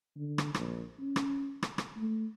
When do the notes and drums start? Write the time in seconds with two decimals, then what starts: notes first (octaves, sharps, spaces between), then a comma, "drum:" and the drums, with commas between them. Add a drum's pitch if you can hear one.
0.17 D3
0.38 drum: rim click
0.54 A#1, drum: rim click
1.00 C#4
1.16 drum: rim click
1.63 drum: rim click
1.78 drum: rim click
1.96 A3